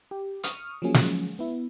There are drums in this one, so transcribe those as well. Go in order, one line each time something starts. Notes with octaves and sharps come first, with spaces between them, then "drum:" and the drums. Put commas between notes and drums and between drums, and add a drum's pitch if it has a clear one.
G4
C#6 D#6 F6, drum: hi-hat
F3 F#3 A#3 C#4 G#4
drum: snare
B3 E4